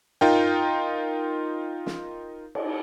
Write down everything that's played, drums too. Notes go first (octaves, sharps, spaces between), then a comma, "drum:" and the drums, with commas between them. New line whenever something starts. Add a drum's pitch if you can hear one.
D#4 F4 A#4 G5, drum: tom G2
drum: snare
drum: cymbal